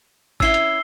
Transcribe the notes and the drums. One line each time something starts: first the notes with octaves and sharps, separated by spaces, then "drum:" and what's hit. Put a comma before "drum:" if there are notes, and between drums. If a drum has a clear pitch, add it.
C#4 E4 E6 C7 G7, drum: kick G#1
drum: hi-hat